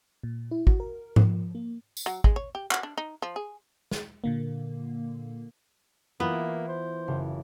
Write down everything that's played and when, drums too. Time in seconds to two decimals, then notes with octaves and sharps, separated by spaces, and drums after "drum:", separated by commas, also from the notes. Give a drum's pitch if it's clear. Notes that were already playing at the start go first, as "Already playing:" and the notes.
0.23 A#2
0.51 E4
0.67 F#4, drum: kick
0.80 A#4
1.16 F3, drum: tom G#2
1.55 A#3
1.97 drum: tambourine
2.06 F#3
2.24 G#3, drum: kick
2.36 C#5
2.55 G4
2.71 F#4, drum: clap
2.83 D4
2.97 D#4
3.22 F3
3.36 G#4
3.91 drum: snare
4.24 A#2 D3 A#3
6.20 E3 A#3 B3 E4 F4
6.68 C5
7.08 F#1